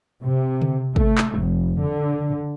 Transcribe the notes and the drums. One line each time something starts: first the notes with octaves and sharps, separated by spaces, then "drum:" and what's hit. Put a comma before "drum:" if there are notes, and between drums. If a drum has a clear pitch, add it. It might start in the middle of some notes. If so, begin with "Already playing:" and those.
C3
drum: tom C#3
A3, drum: kick
drum: clap
F1
D3